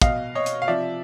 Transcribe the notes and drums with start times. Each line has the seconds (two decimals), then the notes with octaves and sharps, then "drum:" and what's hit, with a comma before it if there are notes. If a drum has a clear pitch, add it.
0.02 B2 D#5 F5, drum: kick, hi-hat
0.35 C#5 D#5
0.46 drum: hi-hat
0.62 F5
0.68 C3 F3 D5 E5